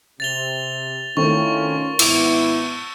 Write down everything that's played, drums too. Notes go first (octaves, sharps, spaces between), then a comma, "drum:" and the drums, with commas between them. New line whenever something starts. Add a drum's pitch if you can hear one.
C3 A6 F7 G7
D#3 A3 C4 C#4 E4 F4 A#4 C#6
G#1 B3 E4 D6 E6 F7, drum: cymbal